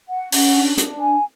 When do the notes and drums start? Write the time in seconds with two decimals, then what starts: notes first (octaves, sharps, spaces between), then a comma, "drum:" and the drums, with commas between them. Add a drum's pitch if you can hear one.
0.09 F#5
0.32 C#4, drum: open hi-hat
0.54 D4
0.78 D4, drum: hi-hat
0.99 G#5